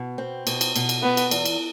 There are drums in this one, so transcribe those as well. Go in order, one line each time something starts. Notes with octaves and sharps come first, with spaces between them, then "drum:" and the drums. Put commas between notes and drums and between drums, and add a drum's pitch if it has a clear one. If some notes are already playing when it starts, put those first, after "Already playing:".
Already playing: B2
C4
B2, drum: cymbal
drum: cymbal
B2, drum: cymbal
drum: cymbal
B2 B3
drum: cymbal
E2, drum: cymbal
drum: cymbal